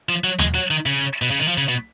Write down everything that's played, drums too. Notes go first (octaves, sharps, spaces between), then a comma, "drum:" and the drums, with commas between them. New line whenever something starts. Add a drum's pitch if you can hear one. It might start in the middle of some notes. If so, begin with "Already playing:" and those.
F3
F#3
G#3, drum: tom D#2
F#3
D#3
C#3
B2
C#3
D#3
F3
C#3
B2